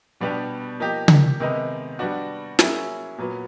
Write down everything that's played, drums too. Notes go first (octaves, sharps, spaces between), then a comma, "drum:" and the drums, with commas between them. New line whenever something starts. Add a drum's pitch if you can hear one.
B2 G3 B3 D4 G4
F3 A#3 D#4 G4
drum: tom C#3
C3 D#3 G#3 B3 D#4
G3 B3 D4 F#4
F#3 A#3 C#4 E4 G#4, drum: snare
A#2 F#3 B3